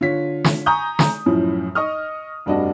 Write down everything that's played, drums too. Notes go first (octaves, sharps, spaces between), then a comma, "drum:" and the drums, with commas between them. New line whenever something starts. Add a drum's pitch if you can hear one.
D3 F4 C#5 B6
drum: snare
G#5 A#5 C#6 D#6 G6
drum: snare
F#2 A2 F3 E4
D#5 C#6 D#6 F6
F1 G2 D4 F#4 D#5